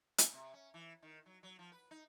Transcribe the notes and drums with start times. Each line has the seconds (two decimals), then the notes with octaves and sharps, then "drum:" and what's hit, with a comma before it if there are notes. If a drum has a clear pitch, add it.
0.18 C#3, drum: hi-hat
0.33 C3
0.53 C#4
0.74 E3
1.02 D#3
1.26 F#3
1.43 F#3
1.59 F3
1.72 B4
1.91 D#4